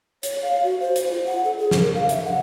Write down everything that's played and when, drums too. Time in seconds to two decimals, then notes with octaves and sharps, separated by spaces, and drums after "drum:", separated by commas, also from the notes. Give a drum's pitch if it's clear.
0.23 C#5, drum: hi-hat
0.42 F5
0.64 F#4
0.80 C5
0.96 drum: hi-hat
1.11 F4
1.26 F#5
1.44 A4
1.58 G#4
1.71 drum: snare
1.80 A#4
1.95 F5
2.09 E5, drum: hi-hat
2.25 F#5